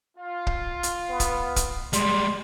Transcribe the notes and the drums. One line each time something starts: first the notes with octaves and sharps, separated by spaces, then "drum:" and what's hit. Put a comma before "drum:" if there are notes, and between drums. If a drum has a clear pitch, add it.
F4
drum: kick
drum: hi-hat
B3
drum: kick, hi-hat
drum: kick, hi-hat
G3 G#3 C6, drum: hi-hat